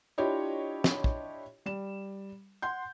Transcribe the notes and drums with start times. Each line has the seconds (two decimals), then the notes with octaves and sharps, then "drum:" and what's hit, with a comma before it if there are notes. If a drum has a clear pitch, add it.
0.18 D4 E4 F4 G4 C#5 D#5
0.84 drum: snare
1.04 drum: kick
1.66 G3 E7
2.62 F#5 C6 G6